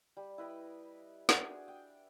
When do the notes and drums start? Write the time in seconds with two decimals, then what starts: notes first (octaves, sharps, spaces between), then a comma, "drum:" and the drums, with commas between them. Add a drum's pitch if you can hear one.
0.17 G3
0.38 E4 B4 D#5 G5
1.29 D4 F#4 G#4 G5, drum: snare
1.68 G5